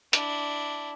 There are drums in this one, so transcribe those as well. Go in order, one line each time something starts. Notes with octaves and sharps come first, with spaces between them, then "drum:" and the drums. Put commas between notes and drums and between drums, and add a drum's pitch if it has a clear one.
D4 E4, drum: hi-hat